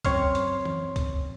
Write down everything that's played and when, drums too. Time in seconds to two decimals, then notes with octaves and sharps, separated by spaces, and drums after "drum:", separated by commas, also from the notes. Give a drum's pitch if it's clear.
0.05 F#2 C4 C#5 C6 F6, drum: kick, hi-hat
0.35 drum: hi-hat
0.65 drum: tom
0.96 drum: kick, hi-hat